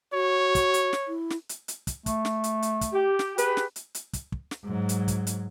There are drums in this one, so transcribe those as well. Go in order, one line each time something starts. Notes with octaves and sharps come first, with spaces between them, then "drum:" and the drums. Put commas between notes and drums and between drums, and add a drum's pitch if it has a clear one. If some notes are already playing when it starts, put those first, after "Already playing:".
F#4 C#5
drum: kick, hi-hat
drum: hi-hat
drum: snare
E4
drum: snare
drum: hi-hat
drum: hi-hat
drum: kick, hi-hat
A3, drum: kick, hi-hat
drum: snare
drum: hi-hat
drum: hi-hat
drum: kick, hi-hat
G4
drum: snare
G4 G#4 B4, drum: hi-hat
drum: snare
drum: hi-hat
drum: hi-hat
drum: kick, hi-hat
drum: kick
drum: snare
G#2 F#3
drum: hi-hat
drum: kick, hi-hat
drum: hi-hat